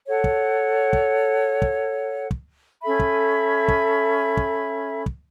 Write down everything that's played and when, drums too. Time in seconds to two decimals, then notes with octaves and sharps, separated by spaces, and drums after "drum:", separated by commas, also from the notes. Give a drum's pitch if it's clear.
0.06 A4 C#5 F#5
0.24 drum: kick
0.93 drum: kick
1.62 drum: kick
2.31 drum: kick
2.82 C#4 A4 E5 B5
3.00 drum: kick
3.68 drum: kick
4.37 drum: kick
5.06 drum: kick